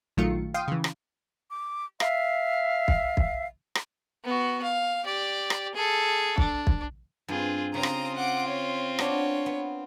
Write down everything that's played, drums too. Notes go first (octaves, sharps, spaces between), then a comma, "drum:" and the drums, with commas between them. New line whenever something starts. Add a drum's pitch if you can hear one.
A#1 D#3 F#3 A3 F4 C#7
F5 G5 C6 D#6
C#3 E3
drum: rim click
D6
E5 F5, drum: rim click
drum: kick
drum: kick
drum: rim click
B3 F#4
F5
G4 D5
drum: rim click
G#4 A4
D4, drum: kick
drum: kick
G2 C4 F4 G#4
C#3 C4 F4 A#5 D#6
drum: rim click
F#5 D6
C#5
B3 D4 F#4 C#5, drum: rim click
B3